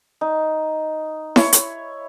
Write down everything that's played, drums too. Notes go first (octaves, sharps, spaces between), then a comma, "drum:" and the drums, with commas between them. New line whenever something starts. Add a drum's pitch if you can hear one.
D#4
E4 C#5, drum: snare E4
drum: hi-hat